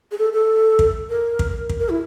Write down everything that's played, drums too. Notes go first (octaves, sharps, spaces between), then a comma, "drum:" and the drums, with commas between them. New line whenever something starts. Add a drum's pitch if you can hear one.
G#4
A4
A4
drum: kick
A#4
drum: kick
drum: kick
A#4
E4